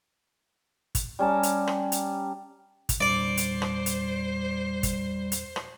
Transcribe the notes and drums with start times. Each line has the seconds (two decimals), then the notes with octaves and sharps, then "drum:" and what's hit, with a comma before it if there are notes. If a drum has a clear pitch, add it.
0.95 drum: kick, hi-hat
1.19 G3 C#4 A5 A#5
1.43 drum: hi-hat
1.67 drum: rim click
1.92 drum: hi-hat
2.89 drum: kick, hi-hat
3.01 E2 A#2 G3 D4 C5 D5
3.37 drum: hi-hat
3.62 drum: rim click
3.86 drum: hi-hat
4.83 drum: kick, hi-hat
5.32 drum: hi-hat
5.56 drum: rim click